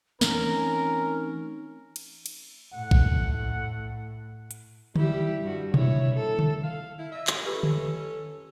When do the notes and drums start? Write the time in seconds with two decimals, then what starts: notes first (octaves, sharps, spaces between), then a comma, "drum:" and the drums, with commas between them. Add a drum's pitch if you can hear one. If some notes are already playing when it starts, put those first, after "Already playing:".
0.21 E3 A3 C4 C#4 D#4 A#4, drum: snare
1.96 drum: cymbal
2.26 drum: cymbal
2.74 A2 F#5
2.91 drum: kick A#1
4.51 drum: hi-hat
4.96 G3 E4 G4, drum: tom D3
5.41 G2 F#4
5.74 A#2 E4 C#5, drum: tom B2
6.15 A4
6.39 drum: tom D3
6.63 F5
6.98 E4
7.11 D#5 E5
7.27 drum: clap
7.46 C#4 F4 G4 A4 B4
7.63 drum: tom D3